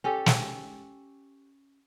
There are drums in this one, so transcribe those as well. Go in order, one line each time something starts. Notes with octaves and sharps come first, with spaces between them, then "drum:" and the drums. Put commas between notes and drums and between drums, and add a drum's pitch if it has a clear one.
C#4 G4 A4
drum: snare